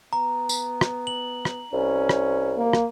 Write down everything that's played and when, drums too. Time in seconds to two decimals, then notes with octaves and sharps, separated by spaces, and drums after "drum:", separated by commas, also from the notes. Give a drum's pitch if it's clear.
0.13 B3 A#5
0.49 drum: tambourine
0.81 drum: rim click
1.07 F#7
1.45 drum: rim click
1.73 C2 C#4
2.09 drum: rim click
2.57 A#3
2.73 drum: rim click